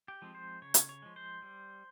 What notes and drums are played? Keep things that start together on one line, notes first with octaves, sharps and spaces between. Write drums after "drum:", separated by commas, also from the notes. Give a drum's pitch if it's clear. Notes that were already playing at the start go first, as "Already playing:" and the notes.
G4
F3 G#3 C4
C5
C#3 C#5
drum: hi-hat
C#5
F3 G#3
C5
G3